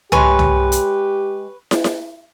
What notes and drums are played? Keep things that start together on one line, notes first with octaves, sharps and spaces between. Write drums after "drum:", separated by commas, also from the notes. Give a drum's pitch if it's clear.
G#3 G4 B4 C#5 G#5, drum: tom
drum: tom
drum: hi-hat
drum: snare
drum: snare